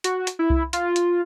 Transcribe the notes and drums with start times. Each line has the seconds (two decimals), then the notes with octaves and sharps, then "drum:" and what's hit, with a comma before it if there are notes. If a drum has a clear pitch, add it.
0.04 F#4, drum: hi-hat
0.27 drum: hi-hat
0.39 E4
0.50 drum: kick C2
0.73 F4, drum: hi-hat
0.96 drum: hi-hat